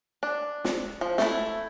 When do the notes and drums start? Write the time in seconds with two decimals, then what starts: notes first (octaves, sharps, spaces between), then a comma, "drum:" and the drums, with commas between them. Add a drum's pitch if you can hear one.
0.23 D4
0.65 drum: snare
1.01 F3
1.18 A3 E4, drum: snare